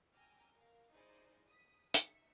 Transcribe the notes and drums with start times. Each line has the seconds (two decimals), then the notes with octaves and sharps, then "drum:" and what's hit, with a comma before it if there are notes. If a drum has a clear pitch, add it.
0.12 G5 G#5 A#5 D6 E6 F6
0.54 A#4 F5
0.92 D#4 E4 G#4 C5 D5 D#5
1.46 D#6 B6
1.94 D#4 E5 C#7, drum: hi-hat